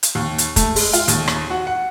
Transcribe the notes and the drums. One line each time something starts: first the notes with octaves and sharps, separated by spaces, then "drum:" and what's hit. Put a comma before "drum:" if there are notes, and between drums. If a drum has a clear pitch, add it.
drum: hi-hat
D#2
drum: hi-hat
A3, drum: kick, hi-hat
G#3, drum: open hi-hat
F4, drum: hi-hat
D#2, drum: hi-hat
drum: rim click
F#4
F#5